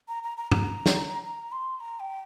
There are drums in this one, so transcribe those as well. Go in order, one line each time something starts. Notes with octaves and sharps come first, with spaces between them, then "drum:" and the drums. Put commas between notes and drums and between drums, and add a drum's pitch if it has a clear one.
A#5
A#5
A#5
A#5, drum: tom
drum: snare
A#5
C6
A#5
G5